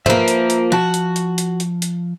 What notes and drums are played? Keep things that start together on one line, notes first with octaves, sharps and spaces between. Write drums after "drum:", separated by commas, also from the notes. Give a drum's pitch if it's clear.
F3 A#3 B4 E5, drum: tom G#2
drum: hi-hat
drum: hi-hat
F3 F#4 A5
drum: hi-hat
drum: hi-hat
drum: hi-hat
drum: hi-hat
drum: hi-hat